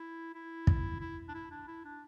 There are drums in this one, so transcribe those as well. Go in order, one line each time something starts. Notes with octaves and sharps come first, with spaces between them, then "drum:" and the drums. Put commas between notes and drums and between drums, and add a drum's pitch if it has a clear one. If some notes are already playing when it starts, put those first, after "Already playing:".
Already playing: E4
E4
drum: kick
E4
D4
E4
D4
E4
D4